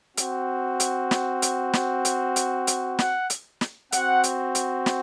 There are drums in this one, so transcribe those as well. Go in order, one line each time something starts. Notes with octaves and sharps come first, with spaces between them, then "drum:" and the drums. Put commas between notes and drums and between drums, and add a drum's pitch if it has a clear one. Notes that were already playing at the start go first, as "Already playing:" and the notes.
C4 F#4, drum: hi-hat
drum: hi-hat
drum: snare
drum: hi-hat
drum: snare
drum: hi-hat
drum: hi-hat
drum: hi-hat
F#5, drum: snare
drum: hi-hat
drum: snare
C4 F#4 F#5, drum: hi-hat
drum: hi-hat
drum: hi-hat
drum: snare